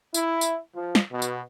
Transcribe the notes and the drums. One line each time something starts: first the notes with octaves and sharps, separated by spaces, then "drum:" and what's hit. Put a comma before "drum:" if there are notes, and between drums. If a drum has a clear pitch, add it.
E4, drum: tambourine
drum: tambourine
F3
drum: snare
B2
drum: tambourine